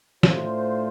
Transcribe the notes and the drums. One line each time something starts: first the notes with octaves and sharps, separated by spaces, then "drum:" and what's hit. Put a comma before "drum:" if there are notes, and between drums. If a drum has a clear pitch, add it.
A2 A3 D4 F4 C5, drum: snare